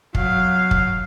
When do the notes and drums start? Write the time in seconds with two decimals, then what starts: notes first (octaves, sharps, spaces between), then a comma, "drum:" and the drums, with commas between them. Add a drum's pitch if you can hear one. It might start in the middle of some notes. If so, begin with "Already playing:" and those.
0.15 F#3 F5, drum: kick
0.71 drum: kick